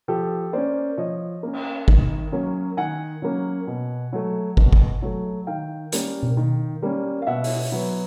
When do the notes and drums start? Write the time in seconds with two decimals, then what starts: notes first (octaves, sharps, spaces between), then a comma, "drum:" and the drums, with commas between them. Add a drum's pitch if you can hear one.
0.08 F3 G4 A4
0.53 A#3 C#4 C5 D5
0.97 F3 C#5 D#5
1.43 A#3 C#4
1.53 drum: cymbal
1.88 D#3, drum: kick
2.32 F#3 A#3 C#4
2.77 D#3 F#5 G#5
3.22 F#3 A#3 C#4
3.67 B2
4.13 F#3 A3
4.57 B2, drum: kick
4.73 drum: kick
5.02 F#3 A3
5.47 D#3 F5 G5
5.92 G3 A#3 C#4, drum: hi-hat
6.23 drum: tom B2
6.37 D#3
6.82 G3 A#3 C#4
7.22 F5
7.27 B2 E5 F#5
7.44 drum: open hi-hat
7.72 F#3 B3